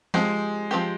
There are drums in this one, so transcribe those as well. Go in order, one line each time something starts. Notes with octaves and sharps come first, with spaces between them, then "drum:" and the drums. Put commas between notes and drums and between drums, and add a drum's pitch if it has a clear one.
F3 G#3 C4 G4, drum: snare
F3 C4 G4